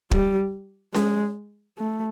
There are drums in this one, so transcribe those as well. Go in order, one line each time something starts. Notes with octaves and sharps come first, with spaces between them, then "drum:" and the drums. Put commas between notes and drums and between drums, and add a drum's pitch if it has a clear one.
G3, drum: kick
G#3, drum: snare C#4
A3